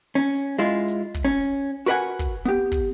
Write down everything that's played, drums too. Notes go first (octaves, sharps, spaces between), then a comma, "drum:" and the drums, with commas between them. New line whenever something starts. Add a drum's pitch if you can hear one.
C#4
drum: hi-hat
G#3 E4 F4
drum: hi-hat
drum: kick, open hi-hat
C#4
drum: hi-hat
F#4 A#4 B4 D5 F#5 G#5
drum: kick, hi-hat
B3 G4, drum: hi-hat
drum: kick, open hi-hat